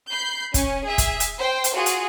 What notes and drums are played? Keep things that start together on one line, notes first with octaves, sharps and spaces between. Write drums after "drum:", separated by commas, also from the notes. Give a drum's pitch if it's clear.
B5 G6 C7
C#4, drum: kick, hi-hat
G#4 E5
drum: kick, hi-hat
drum: hi-hat
C5 G5
drum: hi-hat
F4 F#4 G#4
drum: hi-hat